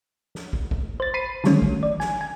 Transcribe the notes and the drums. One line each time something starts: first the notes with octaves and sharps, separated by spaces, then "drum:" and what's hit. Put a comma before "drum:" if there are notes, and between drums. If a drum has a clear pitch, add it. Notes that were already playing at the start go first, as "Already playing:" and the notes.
drum: snare
drum: kick
drum: kick
C5 A6
B5 C7 D#7
D3 D#3 F#3 G3 A3 C#4, drum: snare
drum: kick
D5
G#5, drum: snare
G#5